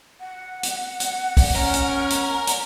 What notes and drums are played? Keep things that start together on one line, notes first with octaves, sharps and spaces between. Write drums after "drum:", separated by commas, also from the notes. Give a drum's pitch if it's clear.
F#5
drum: hi-hat
drum: hi-hat
drum: kick, open hi-hat
C#4 A#4
drum: hi-hat
drum: hi-hat
drum: hi-hat